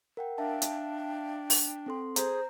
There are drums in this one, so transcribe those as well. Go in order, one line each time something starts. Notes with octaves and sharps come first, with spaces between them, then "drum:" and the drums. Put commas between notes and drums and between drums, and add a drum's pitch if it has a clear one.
A#4 F#5 G5
D4 E5 F5 G5 A5
drum: hi-hat
drum: open hi-hat
C4 A4 C6
G#4 C5 A#5 G6, drum: hi-hat